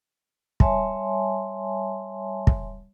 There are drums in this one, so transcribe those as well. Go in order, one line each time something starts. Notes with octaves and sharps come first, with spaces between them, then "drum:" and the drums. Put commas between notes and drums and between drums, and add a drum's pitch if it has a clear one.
G3 C#5 E5 G#5 A5 C6, drum: kick
drum: kick